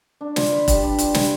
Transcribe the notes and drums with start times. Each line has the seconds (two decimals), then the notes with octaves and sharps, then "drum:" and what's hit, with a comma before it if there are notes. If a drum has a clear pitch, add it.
0.21 D4
0.36 F4, drum: snare
0.52 B4
0.68 G3, drum: kick E1, hi-hat
0.83 D4
0.99 F4, drum: hi-hat
1.14 B4, drum: snare